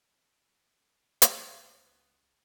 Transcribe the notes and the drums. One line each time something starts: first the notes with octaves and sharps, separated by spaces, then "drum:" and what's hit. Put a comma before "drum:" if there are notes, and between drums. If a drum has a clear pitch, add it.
drum: hi-hat
C#2 B3 C#5 C#7